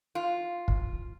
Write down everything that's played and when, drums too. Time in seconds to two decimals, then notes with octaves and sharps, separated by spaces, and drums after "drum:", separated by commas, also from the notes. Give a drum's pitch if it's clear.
0.15 F4
0.68 drum: kick